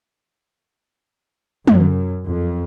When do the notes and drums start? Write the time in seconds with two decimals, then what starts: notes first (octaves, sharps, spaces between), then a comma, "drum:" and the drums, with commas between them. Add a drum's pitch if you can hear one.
1.67 F#2, drum: tom
2.29 F2